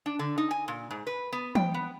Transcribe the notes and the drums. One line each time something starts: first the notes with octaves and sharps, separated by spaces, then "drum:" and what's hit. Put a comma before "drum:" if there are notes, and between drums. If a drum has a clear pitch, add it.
D4
D3
D#4
G#5
A#2
G#2
B4
B3
G5, drum: tom
B3